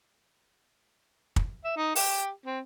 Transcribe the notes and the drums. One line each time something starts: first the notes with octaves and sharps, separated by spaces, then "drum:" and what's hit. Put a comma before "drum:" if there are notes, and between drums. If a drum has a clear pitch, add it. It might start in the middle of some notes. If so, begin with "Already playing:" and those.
drum: kick
E5
D#4
G4, drum: open hi-hat
C4